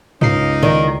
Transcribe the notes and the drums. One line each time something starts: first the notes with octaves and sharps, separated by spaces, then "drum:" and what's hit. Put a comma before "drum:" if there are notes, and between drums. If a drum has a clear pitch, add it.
C#2 A#3 C#4 D#4 C7, drum: tom G2
D#3 D5